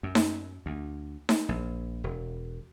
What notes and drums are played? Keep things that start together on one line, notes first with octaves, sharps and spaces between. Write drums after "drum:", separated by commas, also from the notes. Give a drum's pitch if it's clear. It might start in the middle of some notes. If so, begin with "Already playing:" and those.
F#2
drum: snare D#4
D2
drum: snare D#4
A#1
E1